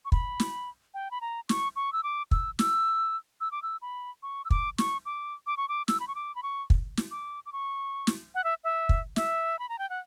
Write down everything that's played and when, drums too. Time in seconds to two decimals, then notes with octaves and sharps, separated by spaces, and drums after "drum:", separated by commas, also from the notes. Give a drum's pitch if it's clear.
0.05 C#6
0.12 B5, drum: kick
0.40 drum: snare
0.94 G5
1.11 B5
1.21 A#5
1.49 C#6, drum: snare
1.76 C#6
1.93 E6
2.03 D6
2.31 E6, drum: kick
2.59 E6, drum: snare
3.41 E6
3.52 D6
3.63 E6
3.82 B5
4.23 C#6
4.45 E6
4.50 D6, drum: kick
4.78 C#6, drum: snare
5.06 D6
5.47 D6
5.57 C#6
5.69 D6
5.88 E6, drum: snare
6.00 B5
6.08 C#6
6.15 D6
6.35 B5
6.43 C#6
6.70 drum: kick
6.97 drum: snare
7.11 D6
7.46 D6
7.53 C#6
8.07 drum: snare
8.35 F#5
8.44 E5
8.64 E5
8.89 drum: kick
9.16 E5, drum: snare
9.59 B5
9.69 A#5
9.79 G5
9.90 F#5